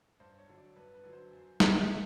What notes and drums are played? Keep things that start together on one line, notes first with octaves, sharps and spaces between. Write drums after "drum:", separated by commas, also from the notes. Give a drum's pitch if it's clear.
G2 C5
C#5
D3 F#3
D5
G2 B4
B4
D3 F#3
C5
F#2
C#3 F3, drum: snare